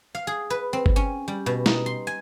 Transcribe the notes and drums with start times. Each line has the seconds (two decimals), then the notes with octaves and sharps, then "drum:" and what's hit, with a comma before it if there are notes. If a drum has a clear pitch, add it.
0.15 F5
0.27 G#4
0.50 B4
0.73 C4
0.86 drum: kick G1
0.96 C#4
1.28 G3
1.46 B2
1.66 D#4, drum: snare
1.86 C6
2.07 G#5